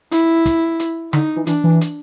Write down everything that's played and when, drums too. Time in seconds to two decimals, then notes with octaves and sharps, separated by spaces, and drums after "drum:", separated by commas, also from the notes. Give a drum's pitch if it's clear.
0.12 E4, drum: hi-hat
0.46 drum: kick, hi-hat
0.79 drum: hi-hat
1.13 D3 D#4, drum: rim click
1.37 E3
1.47 E3 D4, drum: hi-hat
1.64 E3
1.81 drum: hi-hat